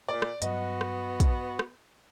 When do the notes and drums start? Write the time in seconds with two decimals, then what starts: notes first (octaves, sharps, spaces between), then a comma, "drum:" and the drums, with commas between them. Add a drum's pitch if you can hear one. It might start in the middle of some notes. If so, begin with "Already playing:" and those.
0.08 A#2 D5
0.22 drum: rim click
0.42 G2 F#3 B3 F#4 D#5, drum: hi-hat
0.81 drum: rim click
1.20 drum: kick, hi-hat
1.59 drum: rim click